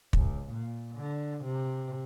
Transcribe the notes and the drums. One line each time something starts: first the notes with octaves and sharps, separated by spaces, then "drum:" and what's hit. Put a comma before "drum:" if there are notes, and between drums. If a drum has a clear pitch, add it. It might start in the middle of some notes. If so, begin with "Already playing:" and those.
C#2, drum: kick
A#2
D3
C3